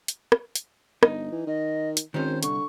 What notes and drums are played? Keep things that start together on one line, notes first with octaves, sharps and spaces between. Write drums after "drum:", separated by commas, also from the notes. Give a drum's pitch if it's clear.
drum: hi-hat
drum: rim click
drum: hi-hat
G1 D#4, drum: rim click
E3
D#3 D#5
drum: hi-hat
G#1 D#3 C#4 C5
C2 D3 C#6, drum: hi-hat